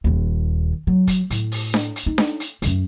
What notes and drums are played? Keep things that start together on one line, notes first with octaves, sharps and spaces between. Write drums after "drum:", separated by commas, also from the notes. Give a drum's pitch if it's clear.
D#1 D#2
F#3
drum: kick, hi-hat
A2, drum: hi-hat
drum: open hi-hat
drum: snare D4
drum: hi-hat
D#4
drum: snare D4
drum: hi-hat
D1 F#2, drum: hi-hat